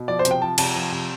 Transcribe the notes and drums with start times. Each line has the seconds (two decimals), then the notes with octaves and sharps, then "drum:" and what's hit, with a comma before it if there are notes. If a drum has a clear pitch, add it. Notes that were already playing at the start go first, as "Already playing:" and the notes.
Already playing: B2
0.08 F3 D5
0.19 C5
0.25 C3, drum: hi-hat
0.31 G5
0.41 F3 A5
0.58 C3 A5, drum: cymbal
0.75 F3
0.92 C3